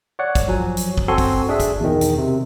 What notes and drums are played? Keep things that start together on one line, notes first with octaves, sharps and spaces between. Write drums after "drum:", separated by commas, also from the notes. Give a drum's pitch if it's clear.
C#5 D5 F#5
drum: kick, hi-hat
F3 F#3 G#5
drum: hi-hat
drum: kick
C4 F#4 A4 G#5 C6
drum: kick, open hi-hat
D4 G#4 E5
drum: kick, hi-hat
E2 B2 D#3
drum: hi-hat
C3